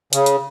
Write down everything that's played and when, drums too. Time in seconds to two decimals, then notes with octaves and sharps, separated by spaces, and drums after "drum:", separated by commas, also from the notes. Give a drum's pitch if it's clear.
0.13 C#3, drum: hi-hat
0.26 drum: hi-hat